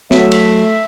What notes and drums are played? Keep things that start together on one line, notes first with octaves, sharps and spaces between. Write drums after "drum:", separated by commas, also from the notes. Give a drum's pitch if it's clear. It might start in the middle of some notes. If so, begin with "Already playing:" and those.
F#3 A3 E5, drum: snare
drum: cymbal